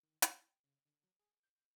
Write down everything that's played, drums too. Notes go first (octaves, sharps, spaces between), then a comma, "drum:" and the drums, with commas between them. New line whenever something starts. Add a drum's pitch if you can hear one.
D#3
A2, drum: hi-hat
G5
C#3
D3
F#3
G#4
G6